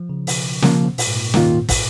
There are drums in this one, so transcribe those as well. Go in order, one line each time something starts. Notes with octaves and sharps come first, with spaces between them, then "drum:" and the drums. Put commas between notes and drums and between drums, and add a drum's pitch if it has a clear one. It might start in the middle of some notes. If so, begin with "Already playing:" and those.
Already playing: F3
C#3
B2, drum: open hi-hat
C#3 F3 A#3, drum: snare
A#2, drum: open hi-hat
G#2
A#2
D#2 D#3 A#3 F4, drum: snare
drum: kick, open hi-hat